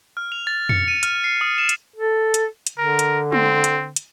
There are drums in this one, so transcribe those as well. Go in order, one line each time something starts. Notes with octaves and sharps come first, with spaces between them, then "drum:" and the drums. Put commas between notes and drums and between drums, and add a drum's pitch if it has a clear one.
F6
F7
A6
C#7, drum: tom F2
D#7
F6, drum: hi-hat
C7
D#6
E7
drum: hi-hat
A4
drum: hi-hat
drum: hi-hat
D3 A#4
drum: hi-hat
C4, drum: tom G#3
drum: hi-hat
drum: hi-hat